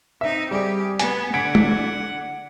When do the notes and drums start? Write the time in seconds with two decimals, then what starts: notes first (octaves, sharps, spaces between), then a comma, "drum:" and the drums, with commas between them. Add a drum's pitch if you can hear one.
0.21 C4 D#4 E5
0.51 G3 G4 G#4
0.99 B3 G#5, drum: hi-hat
1.34 D3 F#5 G#6 B6 D7
1.55 drum: tom G#3